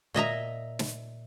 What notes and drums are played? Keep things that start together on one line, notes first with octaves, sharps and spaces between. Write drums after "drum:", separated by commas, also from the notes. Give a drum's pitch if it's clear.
A#2 D#5 E5 A#5
drum: snare